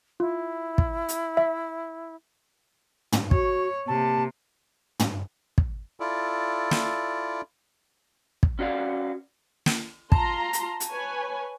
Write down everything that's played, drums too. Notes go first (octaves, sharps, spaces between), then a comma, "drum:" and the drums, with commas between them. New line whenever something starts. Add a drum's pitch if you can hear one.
E4 F4
drum: kick
drum: hi-hat
E5
drum: tom
F#4 C#5, drum: kick
C3 A#3 G4 A5
drum: tom
drum: kick
E4 F4 A4 D5
drum: snare
drum: kick
C#4 F#4 D5 F5
drum: snare
F4 A5 A#5 C6, drum: kick
drum: hi-hat
drum: hi-hat
B4 C#5 G#5